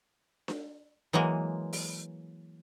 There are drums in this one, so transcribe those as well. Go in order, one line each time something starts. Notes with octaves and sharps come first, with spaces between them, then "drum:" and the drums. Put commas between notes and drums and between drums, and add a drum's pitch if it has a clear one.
drum: snare D4
E3 F#3 G#3 A#3
drum: open hi-hat